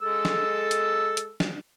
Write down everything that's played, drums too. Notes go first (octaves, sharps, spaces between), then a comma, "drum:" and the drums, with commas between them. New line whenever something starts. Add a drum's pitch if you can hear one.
G#3 A4 E6
drum: snare
drum: hi-hat
drum: hi-hat
drum: snare